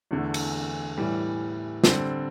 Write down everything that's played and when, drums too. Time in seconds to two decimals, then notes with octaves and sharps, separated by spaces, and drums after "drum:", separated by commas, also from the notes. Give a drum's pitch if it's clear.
0.11 E2 D3 A3
0.34 drum: cymbal
0.98 A2 E3 G3
1.84 D3 G3 C4, drum: snare